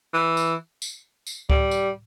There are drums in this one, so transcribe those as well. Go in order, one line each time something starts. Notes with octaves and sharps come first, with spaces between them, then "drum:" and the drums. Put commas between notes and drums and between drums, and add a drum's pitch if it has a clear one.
E3
drum: tambourine
drum: tambourine
drum: tambourine
G3, drum: kick C#2
drum: tambourine